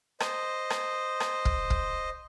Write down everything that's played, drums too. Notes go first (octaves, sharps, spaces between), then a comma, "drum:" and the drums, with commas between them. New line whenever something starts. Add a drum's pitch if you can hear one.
C5 D#5, drum: rim click
drum: rim click
drum: rim click
drum: kick
drum: kick